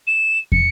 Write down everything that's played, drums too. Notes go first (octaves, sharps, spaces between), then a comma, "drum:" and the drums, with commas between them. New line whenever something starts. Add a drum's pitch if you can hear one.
E7
C#7, drum: kick